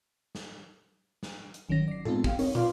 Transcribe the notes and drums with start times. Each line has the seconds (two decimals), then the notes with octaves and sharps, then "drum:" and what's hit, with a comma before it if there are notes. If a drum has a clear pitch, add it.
0.35 drum: snare
1.23 drum: snare
1.54 drum: hi-hat
1.69 G1 D#3 F#3 C#4 A#6
1.88 D5 C7
2.05 G#3 B3 C4 D#4 F4 A4, drum: tom A2
2.24 G4 F5 G5, drum: kick
2.39 C4 D#4 A#4 C#5, drum: open hi-hat
2.55 F4 B4 D5 F5 C6, drum: tom